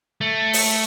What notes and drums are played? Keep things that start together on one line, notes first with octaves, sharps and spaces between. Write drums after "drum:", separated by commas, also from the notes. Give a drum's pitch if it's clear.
A3
drum: open hi-hat